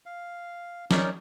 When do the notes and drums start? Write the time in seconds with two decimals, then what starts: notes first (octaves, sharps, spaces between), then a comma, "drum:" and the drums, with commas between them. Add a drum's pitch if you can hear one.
0.06 F5
0.91 C#4 D#4 A#4 C#5 D5, drum: snare